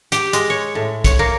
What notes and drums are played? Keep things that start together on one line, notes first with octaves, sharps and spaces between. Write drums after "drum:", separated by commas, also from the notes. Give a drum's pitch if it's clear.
G4, drum: hi-hat
G#3, drum: hi-hat
C#5
A2
C#5, drum: kick, hi-hat
A#3